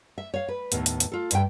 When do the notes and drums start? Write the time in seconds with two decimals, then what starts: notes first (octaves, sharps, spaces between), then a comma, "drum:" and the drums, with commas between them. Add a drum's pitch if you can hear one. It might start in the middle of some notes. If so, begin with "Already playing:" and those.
0.18 E5
0.34 C#5 F5
0.48 B4
0.72 D#2 A2 B3, drum: hi-hat
0.86 drum: hi-hat
1.00 drum: hi-hat
1.12 F4 A4
1.31 D2 G2 E5 G5, drum: hi-hat